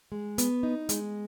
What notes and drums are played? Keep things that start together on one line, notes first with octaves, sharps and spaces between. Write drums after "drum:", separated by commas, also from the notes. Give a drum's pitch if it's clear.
G#3
B3, drum: hi-hat
D#4
G#3, drum: hi-hat